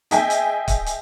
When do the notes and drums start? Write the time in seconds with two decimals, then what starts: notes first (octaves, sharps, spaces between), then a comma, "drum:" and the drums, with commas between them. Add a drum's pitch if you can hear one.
0.11 G#4 D#5 E5 G5 G#5, drum: hi-hat
0.30 drum: hi-hat
0.68 drum: kick, hi-hat
0.86 drum: hi-hat